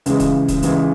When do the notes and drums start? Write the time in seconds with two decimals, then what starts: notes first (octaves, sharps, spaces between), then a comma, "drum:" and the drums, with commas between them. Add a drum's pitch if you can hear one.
0.06 C#2 C#3 E3 G#3, drum: hi-hat
0.20 drum: kick D#1, hi-hat
0.48 drum: kick D#1, hi-hat
0.62 C#2 C#3 E3 G#3, drum: hi-hat